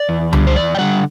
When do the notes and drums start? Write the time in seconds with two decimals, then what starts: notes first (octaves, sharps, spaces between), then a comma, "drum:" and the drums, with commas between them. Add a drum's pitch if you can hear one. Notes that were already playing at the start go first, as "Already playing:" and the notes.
Already playing: D5
0.09 E2
0.33 D3 G3, drum: tom C#2
0.47 C5
0.56 E2 D5
0.75 G5
0.79 D3 G3 F#5